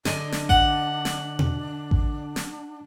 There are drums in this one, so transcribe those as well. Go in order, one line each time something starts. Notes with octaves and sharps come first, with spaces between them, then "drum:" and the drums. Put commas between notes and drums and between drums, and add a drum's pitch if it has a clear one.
D3 D4 D#5 G#5, drum: snare
drum: snare
F#5, drum: kick A1
drum: snare
drum: tom B2
drum: kick A1
drum: snare